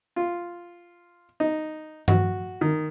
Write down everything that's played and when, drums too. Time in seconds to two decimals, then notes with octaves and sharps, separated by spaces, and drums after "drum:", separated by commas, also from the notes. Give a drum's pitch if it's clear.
0.16 F4
1.40 D#4
2.08 F#4, drum: tom G2
2.61 D#3